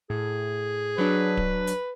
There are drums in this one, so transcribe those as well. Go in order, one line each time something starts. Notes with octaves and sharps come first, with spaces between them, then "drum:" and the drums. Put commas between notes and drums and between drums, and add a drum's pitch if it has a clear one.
A2 G#4
F#3 D4 B4
drum: kick D1
drum: hi-hat